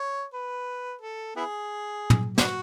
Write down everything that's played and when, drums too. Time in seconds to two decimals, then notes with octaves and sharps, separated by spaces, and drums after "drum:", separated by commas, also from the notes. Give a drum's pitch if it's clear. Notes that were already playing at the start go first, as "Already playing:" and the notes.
Already playing: C#5
0.34 B4
1.02 A4
1.36 B3 E4 G#4
2.10 drum: tom
2.38 B3 D4 F#4, drum: snare